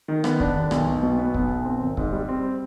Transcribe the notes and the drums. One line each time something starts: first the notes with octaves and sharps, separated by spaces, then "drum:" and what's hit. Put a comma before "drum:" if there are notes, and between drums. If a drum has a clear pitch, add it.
D#3
B3, drum: rim click
D4, drum: kick
D#2
B1, drum: rim click
B1
B2
B3
B1, drum: kick
B1
C4
G#1
G#2, drum: kick
G3
C4